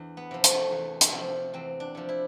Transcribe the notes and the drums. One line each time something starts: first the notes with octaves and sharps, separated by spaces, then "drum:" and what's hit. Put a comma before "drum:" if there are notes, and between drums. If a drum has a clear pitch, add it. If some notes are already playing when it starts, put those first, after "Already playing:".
Already playing: E2 D4
B3
C3 F3
A3, drum: hi-hat
E2
drum: hi-hat
C3 F3
E2 C4
D4
C3 F3
E4